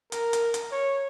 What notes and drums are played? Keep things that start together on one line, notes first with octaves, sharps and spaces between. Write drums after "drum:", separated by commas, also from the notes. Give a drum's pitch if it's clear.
A#4, drum: hi-hat
drum: hi-hat
drum: hi-hat
C#5